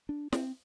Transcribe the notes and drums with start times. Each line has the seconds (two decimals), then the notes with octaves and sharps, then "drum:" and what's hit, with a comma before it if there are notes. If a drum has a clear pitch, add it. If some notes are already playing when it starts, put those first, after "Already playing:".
0.09 D4
0.33 C4, drum: snare